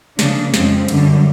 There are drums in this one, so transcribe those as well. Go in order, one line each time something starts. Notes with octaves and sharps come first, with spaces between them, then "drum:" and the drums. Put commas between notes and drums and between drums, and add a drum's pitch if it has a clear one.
C#3 F3 A#3 D4, drum: snare
F2 C#3 F3 G#3 C4, drum: snare
F#2 D3 G3, drum: cymbal